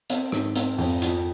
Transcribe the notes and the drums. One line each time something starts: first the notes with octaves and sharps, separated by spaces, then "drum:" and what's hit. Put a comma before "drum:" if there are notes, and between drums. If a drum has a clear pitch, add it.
C4, drum: hi-hat
G#2, drum: rim click
C4, drum: hi-hat
F2, drum: open hi-hat
F3, drum: hi-hat